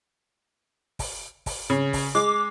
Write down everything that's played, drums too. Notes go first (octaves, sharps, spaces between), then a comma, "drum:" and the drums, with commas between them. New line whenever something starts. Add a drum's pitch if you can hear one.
drum: kick, open hi-hat
drum: kick, open hi-hat
C#3
drum: kick, open hi-hat
G#3 D6